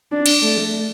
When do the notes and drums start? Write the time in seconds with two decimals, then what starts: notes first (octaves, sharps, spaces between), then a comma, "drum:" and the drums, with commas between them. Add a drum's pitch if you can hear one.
0.11 D4
0.26 drum: cymbal
0.42 A3